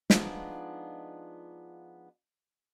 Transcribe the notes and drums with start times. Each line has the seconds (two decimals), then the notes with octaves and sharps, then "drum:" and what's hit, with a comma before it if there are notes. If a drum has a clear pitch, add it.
0.10 F3 G#3 B3 D4 D#4 F4, drum: snare